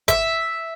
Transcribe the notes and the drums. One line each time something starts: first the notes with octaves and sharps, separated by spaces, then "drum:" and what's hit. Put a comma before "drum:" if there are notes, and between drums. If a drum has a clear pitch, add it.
E5, drum: kick G#1, hi-hat